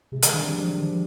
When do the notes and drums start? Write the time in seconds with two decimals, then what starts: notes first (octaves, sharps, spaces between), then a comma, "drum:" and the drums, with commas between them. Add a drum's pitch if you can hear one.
0.12 C3 G#3
0.22 D#3 G3, drum: hi-hat
0.33 D4
0.39 D#3
0.43 C4
0.52 F3
0.63 F3
0.73 D#3
0.83 F3